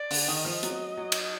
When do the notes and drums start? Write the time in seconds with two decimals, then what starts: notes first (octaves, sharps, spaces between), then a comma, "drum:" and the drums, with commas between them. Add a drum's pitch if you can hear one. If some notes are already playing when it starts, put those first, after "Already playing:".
Already playing: D5
0.11 D3, drum: open hi-hat
0.28 D#3 D#5
0.45 F3
0.63 F#3, drum: hi-hat
0.97 F#3
1.12 drum: cymbal